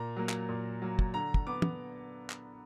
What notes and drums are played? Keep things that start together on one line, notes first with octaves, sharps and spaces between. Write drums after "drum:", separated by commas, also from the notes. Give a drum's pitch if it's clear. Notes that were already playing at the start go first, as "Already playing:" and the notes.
Already playing: A#2 A#5
F#3 A#3
drum: clap
A#2
F#3 A#3
drum: kick
D3 A#5
drum: kick
B3 D6
drum: tom
drum: clap